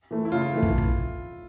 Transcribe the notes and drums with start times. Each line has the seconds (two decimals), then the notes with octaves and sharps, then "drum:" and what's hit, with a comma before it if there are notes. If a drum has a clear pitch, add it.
0.11 E3 A3
0.25 E4
0.32 C#3 F4
0.53 E3 A3
0.62 drum: kick
0.78 drum: kick